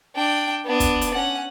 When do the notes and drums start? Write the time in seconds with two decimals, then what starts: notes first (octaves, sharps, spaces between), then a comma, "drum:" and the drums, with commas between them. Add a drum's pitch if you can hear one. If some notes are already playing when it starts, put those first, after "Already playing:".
0.16 D4 G5
0.65 B3 D4
0.80 drum: kick, hi-hat
1.01 drum: hi-hat
1.14 C#4 F#5